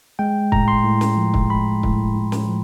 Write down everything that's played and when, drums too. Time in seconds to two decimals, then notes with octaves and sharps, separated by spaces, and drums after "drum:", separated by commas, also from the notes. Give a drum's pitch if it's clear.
0.19 G#3 G5
0.52 A2 A#5, drum: kick
0.68 C6
0.84 A2
1.01 drum: snare
1.17 F3
1.34 drum: kick
1.50 G#3 B5
1.83 A2, drum: kick
2.16 A2
2.32 drum: snare
2.48 F3